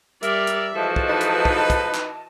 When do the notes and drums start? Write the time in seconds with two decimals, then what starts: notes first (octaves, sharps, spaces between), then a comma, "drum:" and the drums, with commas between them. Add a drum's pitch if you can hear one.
0.23 G3 A#4 D5 E5, drum: hi-hat
0.47 drum: hi-hat
0.75 E3 F3 G#3 F#4 A4 D#5 A5
0.96 drum: kick
1.08 D#4 B4
1.21 drum: hi-hat
1.45 drum: kick
1.70 drum: kick, hi-hat
1.94 drum: clap